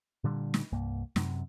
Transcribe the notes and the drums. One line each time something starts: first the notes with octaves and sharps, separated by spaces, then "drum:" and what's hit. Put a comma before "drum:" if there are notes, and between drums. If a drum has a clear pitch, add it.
A#2 D3 G3
drum: snare
C2 G2 A#3
F#2 C3, drum: snare